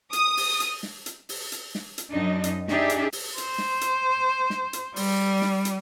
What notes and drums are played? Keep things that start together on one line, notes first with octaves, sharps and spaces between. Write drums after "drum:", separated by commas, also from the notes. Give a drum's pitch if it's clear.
D#6, drum: hi-hat
drum: open hi-hat
drum: hi-hat
drum: snare
drum: hi-hat
drum: open hi-hat
drum: hi-hat
drum: snare
drum: hi-hat
F#2 D4 D#4 D#5
drum: hi-hat
D4 D#4 G4 G#4 D5 E5, drum: snare
drum: hi-hat
drum: open hi-hat
C5, drum: hi-hat
drum: snare
drum: hi-hat
drum: snare
drum: hi-hat
G3, drum: open hi-hat
drum: snare
drum: hi-hat